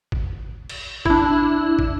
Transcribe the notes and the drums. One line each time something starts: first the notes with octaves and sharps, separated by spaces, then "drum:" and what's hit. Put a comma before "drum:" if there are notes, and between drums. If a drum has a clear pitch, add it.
drum: kick
drum: cymbal
D4 E4, drum: kick
drum: kick